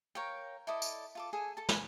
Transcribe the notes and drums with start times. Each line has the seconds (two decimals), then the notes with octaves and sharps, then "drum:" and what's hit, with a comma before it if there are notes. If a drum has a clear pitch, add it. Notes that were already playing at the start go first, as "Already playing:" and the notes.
0.15 A#4 C#5 F5 G5
0.67 E4 A4 D5 D#5
0.82 drum: tambourine
1.15 F4 A4 D6
1.33 G#4 A4 G#5
1.57 A4 A5
1.69 G#5 B5, drum: snare